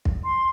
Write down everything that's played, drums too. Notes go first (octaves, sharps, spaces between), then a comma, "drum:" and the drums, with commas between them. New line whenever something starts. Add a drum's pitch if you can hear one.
drum: kick
C6